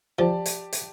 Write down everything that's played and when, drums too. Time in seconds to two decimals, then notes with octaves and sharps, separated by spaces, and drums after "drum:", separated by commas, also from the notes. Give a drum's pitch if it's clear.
0.19 F3 G4 D5 A5
0.46 drum: hi-hat
0.73 drum: hi-hat